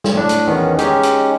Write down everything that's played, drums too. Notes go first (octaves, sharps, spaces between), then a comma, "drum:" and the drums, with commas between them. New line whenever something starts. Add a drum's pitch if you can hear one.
drum: snare
A2 D4
drum: hi-hat
E2 D#3 B3 C#4
G#3 C#4 D#4 G4, drum: hi-hat
drum: hi-hat